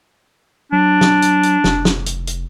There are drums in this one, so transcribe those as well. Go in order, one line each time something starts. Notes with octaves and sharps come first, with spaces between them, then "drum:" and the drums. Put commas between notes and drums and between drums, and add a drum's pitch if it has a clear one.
F#3 D4
drum: snare
drum: hi-hat
drum: hi-hat
F1, drum: snare
drum: snare
drum: hi-hat
drum: hi-hat